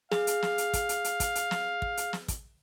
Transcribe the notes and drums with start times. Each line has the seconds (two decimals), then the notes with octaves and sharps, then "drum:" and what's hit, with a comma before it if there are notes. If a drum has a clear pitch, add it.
0.12 G#4 F5, drum: snare
0.27 drum: hi-hat
0.42 drum: snare
0.58 drum: hi-hat
0.73 drum: kick, hi-hat
0.89 drum: hi-hat
1.04 drum: hi-hat
1.20 drum: kick, hi-hat
1.35 drum: hi-hat
1.51 drum: snare
1.82 drum: kick
1.97 drum: hi-hat
2.13 drum: snare
2.28 drum: kick, hi-hat